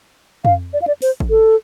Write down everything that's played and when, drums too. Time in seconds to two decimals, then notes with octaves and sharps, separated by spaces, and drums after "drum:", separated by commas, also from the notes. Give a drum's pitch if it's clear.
0.45 F5, drum: tom F2
0.73 D5
0.82 F5
0.87 D5
1.02 C5, drum: open hi-hat
1.20 drum: kick G#1
1.30 A4